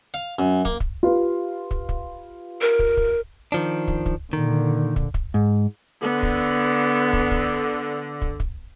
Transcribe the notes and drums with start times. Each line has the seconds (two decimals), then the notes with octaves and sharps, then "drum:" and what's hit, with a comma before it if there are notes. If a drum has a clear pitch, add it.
0.14 F5
0.39 F#2
0.65 A#3, drum: kick
0.80 drum: kick
1.03 F4 G4 B4
1.71 drum: kick
1.89 drum: kick
2.61 A#4
2.79 drum: kick
2.97 drum: kick
3.52 D#3 F3 D4
3.88 drum: kick
4.06 drum: kick
4.33 A#2 D3 D#3
4.96 drum: kick
5.14 drum: kick
5.34 G#2
6.01 D3 B3
6.23 drum: kick
7.13 drum: kick
7.31 drum: kick
8.22 drum: kick
8.40 drum: kick